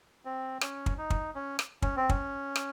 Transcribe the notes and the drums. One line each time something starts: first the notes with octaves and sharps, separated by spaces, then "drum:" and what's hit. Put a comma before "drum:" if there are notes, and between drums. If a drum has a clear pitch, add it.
C4
C#4, drum: rim click
drum: kick
D#4
drum: kick
C#4
drum: rim click
C#4, drum: kick
C4
C#4, drum: kick
drum: rim click